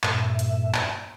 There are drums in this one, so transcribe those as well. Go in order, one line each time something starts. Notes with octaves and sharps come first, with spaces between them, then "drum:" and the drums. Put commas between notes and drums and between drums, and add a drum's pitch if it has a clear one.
G2 A#2 E5, drum: clap
drum: hi-hat
drum: clap